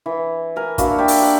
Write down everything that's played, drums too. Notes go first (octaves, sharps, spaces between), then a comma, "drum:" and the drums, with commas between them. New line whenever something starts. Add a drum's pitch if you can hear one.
E3
A#4 G#5
A#3 D4 E4 F#4, drum: kick, hi-hat
G4 D5 E5 F#5
drum: open hi-hat
F#5